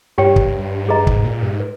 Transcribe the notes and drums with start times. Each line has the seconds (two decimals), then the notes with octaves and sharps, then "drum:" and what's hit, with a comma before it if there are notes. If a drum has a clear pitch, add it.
0.18 G2 G4 C#5 G5
0.36 drum: kick
0.85 G#2
0.89 G2 G#4 B4 D#5 A#5
1.07 G#2, drum: kick
1.24 A#2
1.42 G2
1.52 G#2
1.60 B4